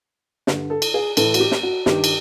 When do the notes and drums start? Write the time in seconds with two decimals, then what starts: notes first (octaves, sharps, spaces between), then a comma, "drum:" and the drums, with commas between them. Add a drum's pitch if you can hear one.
0.47 G2 D3, drum: snare
0.70 A4
0.82 drum: cymbal
0.94 G#4
1.17 A2 E3 A4, drum: cymbal
1.34 F#4, drum: cymbal
1.40 G4
1.52 drum: snare
1.63 F#4
1.86 G2 D#3 G4, drum: snare
2.04 drum: cymbal